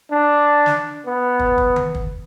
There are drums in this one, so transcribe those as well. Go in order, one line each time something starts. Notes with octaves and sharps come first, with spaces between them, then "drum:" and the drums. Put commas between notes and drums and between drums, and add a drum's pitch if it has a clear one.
D4
drum: snare
B3
drum: kick
drum: kick
drum: tom D#3
drum: kick